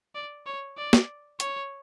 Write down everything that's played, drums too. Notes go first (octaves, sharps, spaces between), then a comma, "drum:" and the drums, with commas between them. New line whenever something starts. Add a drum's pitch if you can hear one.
D5
C#5
D5
drum: snare
C#5, drum: hi-hat